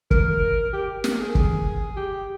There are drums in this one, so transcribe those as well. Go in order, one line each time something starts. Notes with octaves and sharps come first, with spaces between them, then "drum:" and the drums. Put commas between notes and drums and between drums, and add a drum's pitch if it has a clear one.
A#4, drum: kick
G4
A#4, drum: snare
G#4
drum: kick
G4